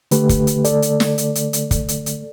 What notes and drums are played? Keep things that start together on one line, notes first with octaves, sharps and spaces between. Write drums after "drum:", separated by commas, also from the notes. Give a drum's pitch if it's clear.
D3 A3 G4 B4, drum: hi-hat
drum: kick, hi-hat
drum: hi-hat
A4 D5, drum: hi-hat
drum: hi-hat
drum: snare
drum: hi-hat
drum: hi-hat
drum: hi-hat
drum: kick, hi-hat
drum: hi-hat
drum: hi-hat